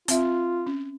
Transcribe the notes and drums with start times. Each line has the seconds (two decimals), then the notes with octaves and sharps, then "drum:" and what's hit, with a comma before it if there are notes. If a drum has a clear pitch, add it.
0.08 C4 F4 E5, drum: hi-hat
0.66 C#4